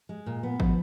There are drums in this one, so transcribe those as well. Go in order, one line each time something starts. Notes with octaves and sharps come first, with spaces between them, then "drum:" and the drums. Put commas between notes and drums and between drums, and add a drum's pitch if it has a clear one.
G#3
A#2
B3
F3, drum: kick G#1